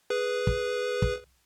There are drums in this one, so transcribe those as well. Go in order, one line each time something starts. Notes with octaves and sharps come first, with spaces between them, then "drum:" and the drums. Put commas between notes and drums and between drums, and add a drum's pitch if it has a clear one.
G#4 B4
drum: kick
drum: kick